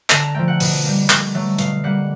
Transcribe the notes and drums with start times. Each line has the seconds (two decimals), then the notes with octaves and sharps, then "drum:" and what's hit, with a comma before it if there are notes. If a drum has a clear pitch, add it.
0.10 D3 A5, drum: clap
0.23 A#5
0.34 F3 A3 G5
0.48 F#5
0.60 B2, drum: open hi-hat
0.84 G3 A#3
1.10 D3, drum: clap
1.34 F#3 A3
1.59 B2 F5, drum: hi-hat
1.84 G3 A#3 F#5